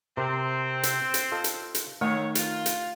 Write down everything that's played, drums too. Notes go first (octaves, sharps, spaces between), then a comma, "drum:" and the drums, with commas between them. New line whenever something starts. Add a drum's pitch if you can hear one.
C3 C4 A#4
drum: hi-hat
drum: hi-hat
F4 A4 D#5
drum: hi-hat
drum: hi-hat
D2 D#3 A3 C#5
F4, drum: hi-hat
drum: hi-hat